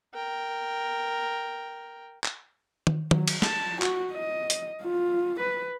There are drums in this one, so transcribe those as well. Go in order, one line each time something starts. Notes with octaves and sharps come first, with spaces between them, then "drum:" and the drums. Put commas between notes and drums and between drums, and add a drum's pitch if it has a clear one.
A#4 G5
drum: clap
drum: tom D#3
F#3, drum: tom D#3
drum: cymbal
A5, drum: snare
F#4, drum: clap
D#5
drum: hi-hat
F4
B4